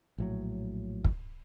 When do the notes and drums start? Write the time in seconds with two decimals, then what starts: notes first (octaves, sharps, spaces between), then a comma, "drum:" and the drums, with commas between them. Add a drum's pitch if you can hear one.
0.18 A#1 A2 F#3
1.04 drum: kick